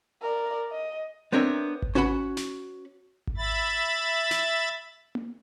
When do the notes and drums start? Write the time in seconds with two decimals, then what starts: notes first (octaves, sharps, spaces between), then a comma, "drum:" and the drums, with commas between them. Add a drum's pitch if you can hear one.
0.22 A#4 D5
0.72 D#5
1.33 B3 C4 D4 A#4 C#5 E5
1.82 drum: kick G#1
1.95 C#4 F#4 B4 F#5 B5
2.37 drum: snare
3.27 drum: kick G#1
3.38 E5 B5 A6
4.31 drum: snare
5.15 drum: tom A#3